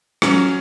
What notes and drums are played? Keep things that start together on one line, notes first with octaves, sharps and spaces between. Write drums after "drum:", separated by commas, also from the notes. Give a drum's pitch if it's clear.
F#3 C#4, drum: rim click